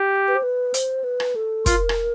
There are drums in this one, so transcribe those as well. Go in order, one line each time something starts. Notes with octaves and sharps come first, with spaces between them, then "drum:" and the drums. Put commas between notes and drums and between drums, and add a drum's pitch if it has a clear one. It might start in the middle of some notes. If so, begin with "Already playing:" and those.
Already playing: G4
B4
C5
B4
C5, drum: hi-hat
B4
drum: rim click
A4
F4 A#4, drum: kick, hi-hat
drum: rim click